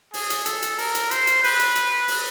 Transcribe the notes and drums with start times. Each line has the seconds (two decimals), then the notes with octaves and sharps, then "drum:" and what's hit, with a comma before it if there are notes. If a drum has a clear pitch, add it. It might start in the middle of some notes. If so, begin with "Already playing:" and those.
0.14 G#4, drum: open hi-hat
0.30 drum: hi-hat
0.46 A4, drum: hi-hat
0.62 drum: hi-hat
0.78 A#4, drum: open hi-hat
0.95 drum: hi-hat
1.11 C5, drum: hi-hat
1.27 drum: hi-hat
1.44 B4, drum: open hi-hat
1.59 drum: hi-hat
1.76 drum: hi-hat
2.08 drum: open hi-hat